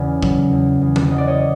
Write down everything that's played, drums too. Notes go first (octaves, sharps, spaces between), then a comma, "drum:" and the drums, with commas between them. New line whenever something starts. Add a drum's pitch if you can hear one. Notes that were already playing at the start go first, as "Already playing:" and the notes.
Already playing: E2 C#3 D5
F#3, drum: kick
E2
E2
drum: tom D3
F#3 D#5
D5
C#5 D#5